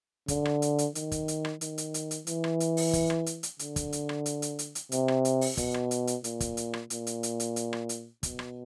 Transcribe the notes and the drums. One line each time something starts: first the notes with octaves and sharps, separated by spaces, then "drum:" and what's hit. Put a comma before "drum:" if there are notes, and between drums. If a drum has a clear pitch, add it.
D3, drum: kick, hi-hat
drum: rim click
drum: hi-hat
drum: hi-hat
D#3, drum: hi-hat
drum: kick, hi-hat
drum: hi-hat
drum: rim click
D#3, drum: hi-hat
drum: hi-hat
drum: hi-hat
drum: hi-hat
E3, drum: hi-hat
drum: rim click
drum: hi-hat
drum: open hi-hat
drum: kick, hi-hat
drum: rim click
drum: hi-hat
drum: hi-hat
D3, drum: hi-hat
drum: kick, hi-hat
drum: hi-hat
drum: rim click
drum: hi-hat
drum: hi-hat
drum: hi-hat
drum: hi-hat
C3, drum: hi-hat
drum: rim click
drum: hi-hat
drum: open hi-hat
B2, drum: kick, hi-hat
drum: rim click
drum: hi-hat
drum: hi-hat
A#2, drum: hi-hat
drum: kick, hi-hat
drum: hi-hat
drum: rim click
A#2, drum: hi-hat
drum: hi-hat
drum: hi-hat
drum: hi-hat
drum: hi-hat
drum: rim click
drum: hi-hat
B2, drum: kick, hi-hat
drum: rim click